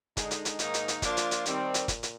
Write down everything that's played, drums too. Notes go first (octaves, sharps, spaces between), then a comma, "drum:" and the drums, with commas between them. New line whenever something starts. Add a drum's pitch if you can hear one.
D3 G#3 D#4, drum: kick G1, hi-hat
drum: hi-hat
drum: hi-hat
G#2 D#3 A#3 D#4, drum: hi-hat
drum: hi-hat
drum: hi-hat
F3 A#3 D4 F4, drum: kick G1, hi-hat
drum: hi-hat
drum: hi-hat
D#3 G3 C4, drum: hi-hat
drum: hi-hat
A#2, drum: kick G1, hi-hat
drum: hi-hat